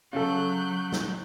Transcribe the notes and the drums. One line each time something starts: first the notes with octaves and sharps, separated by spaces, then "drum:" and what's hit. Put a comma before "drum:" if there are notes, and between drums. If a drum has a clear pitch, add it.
C#3 F#3 A4 F#6 G6
drum: snare